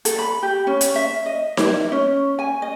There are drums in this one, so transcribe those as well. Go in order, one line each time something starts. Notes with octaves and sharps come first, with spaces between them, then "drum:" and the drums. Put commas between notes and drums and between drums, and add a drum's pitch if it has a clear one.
A4, drum: hi-hat
B5
G4
C#4
drum: hi-hat
E5
D#5
E4, drum: snare D#4
C#4
G#5
D#5